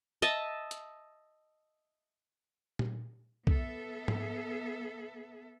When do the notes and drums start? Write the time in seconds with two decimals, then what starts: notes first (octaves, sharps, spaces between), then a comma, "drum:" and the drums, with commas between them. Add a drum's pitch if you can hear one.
0.22 D#5 E5 A5, drum: hi-hat
0.71 drum: hi-hat
2.79 drum: tom A#2
3.47 B3 A4 E5, drum: kick
4.08 drum: tom G#2